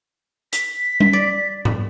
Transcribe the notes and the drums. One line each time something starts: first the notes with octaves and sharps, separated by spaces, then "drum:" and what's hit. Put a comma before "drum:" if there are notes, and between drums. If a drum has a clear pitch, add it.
B6, drum: hi-hat
drum: tom G3
D5
drum: tom G#2